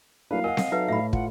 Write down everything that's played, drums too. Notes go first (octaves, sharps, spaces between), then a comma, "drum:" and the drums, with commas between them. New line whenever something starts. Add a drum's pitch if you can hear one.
F#3 A#3 D4 E4 B4 F5
A#4 D#5 F#5 G#5
drum: snare C4
F#3 D#4 A4 B4 D#5 E5
A2 A3 E5 B5
F4 F#5, drum: kick